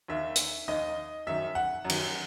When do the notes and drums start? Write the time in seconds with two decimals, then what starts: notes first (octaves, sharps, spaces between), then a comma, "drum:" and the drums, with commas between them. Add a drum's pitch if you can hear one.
0.08 D#2 D#3 E5
0.36 drum: hi-hat
0.68 D#2 D#3 D#5
1.27 F#2 D#3 E5
1.55 F#5
1.85 F#2
1.90 D#3, drum: cymbal